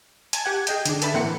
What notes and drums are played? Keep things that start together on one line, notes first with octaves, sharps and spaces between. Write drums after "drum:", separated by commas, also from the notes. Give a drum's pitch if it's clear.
G#5 A5, drum: hi-hat
G4 F#5 G#6
G#4 D#5 G5, drum: hi-hat
D3 D4, drum: hi-hat
A4 B4 E5 A5 B5, drum: hi-hat
A2 E3 A#3 C4 F#5 C#7